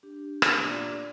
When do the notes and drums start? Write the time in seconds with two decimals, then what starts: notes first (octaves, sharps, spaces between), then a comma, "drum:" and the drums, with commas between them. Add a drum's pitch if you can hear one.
0.03 D4 G4
0.42 drum: rim click
0.64 A#2 D6